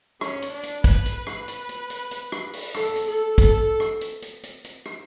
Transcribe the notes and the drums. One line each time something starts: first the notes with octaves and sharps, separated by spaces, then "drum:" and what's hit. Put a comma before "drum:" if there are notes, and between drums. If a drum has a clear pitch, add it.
C#4, drum: rim click
drum: hi-hat
D4
drum: hi-hat
B4, drum: kick, hi-hat
drum: hi-hat
B4
drum: rim click
drum: hi-hat
drum: hi-hat
drum: hi-hat
drum: hi-hat
drum: rim click
drum: open hi-hat
A4, drum: rim click
drum: hi-hat
A4
A4, drum: kick, hi-hat
drum: rim click
drum: hi-hat
drum: hi-hat
drum: hi-hat
drum: hi-hat
drum: rim click